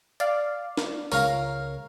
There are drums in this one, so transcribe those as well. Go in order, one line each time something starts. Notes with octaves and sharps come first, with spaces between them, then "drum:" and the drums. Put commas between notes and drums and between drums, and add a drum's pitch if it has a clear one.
D5 F5, drum: hi-hat
drum: snare D#4
C#2 A#4 C#5 F5 A#5, drum: open hi-hat